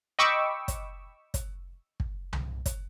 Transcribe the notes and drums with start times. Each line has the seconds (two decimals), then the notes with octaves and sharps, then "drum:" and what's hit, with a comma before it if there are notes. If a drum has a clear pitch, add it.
0.19 D#5 G5 B5 C#6 D6 E6
0.68 drum: kick, hi-hat
1.34 drum: kick, hi-hat
2.00 drum: kick
2.33 drum: tom C2
2.66 drum: kick, hi-hat